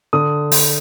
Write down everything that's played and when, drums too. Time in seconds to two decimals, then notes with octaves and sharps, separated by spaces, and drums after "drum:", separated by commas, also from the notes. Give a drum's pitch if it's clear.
0.13 D3 D#6
0.52 drum: open hi-hat